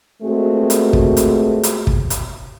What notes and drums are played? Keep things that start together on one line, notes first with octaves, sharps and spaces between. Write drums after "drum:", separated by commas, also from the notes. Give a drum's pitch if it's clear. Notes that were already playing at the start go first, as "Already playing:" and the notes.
A#2 G#3 A3 C4 F#4
drum: hi-hat
drum: kick
drum: hi-hat
drum: hi-hat
drum: kick
drum: hi-hat